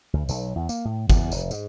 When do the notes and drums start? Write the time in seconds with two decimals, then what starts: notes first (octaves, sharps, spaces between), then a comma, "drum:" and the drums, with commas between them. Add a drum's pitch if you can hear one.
0.13 D2
0.29 B1, drum: tambourine
0.56 E2
0.69 A#3, drum: tambourine
0.85 A2
1.10 E2, drum: kick G1, tambourine
1.32 F1, drum: tambourine
1.51 G#2, drum: tambourine